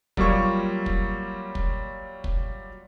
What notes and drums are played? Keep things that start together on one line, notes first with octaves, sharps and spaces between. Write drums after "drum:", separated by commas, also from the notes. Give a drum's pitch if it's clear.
F#3 G3 A#3 F4 C#5 C#6, drum: kick
drum: kick
drum: kick
drum: kick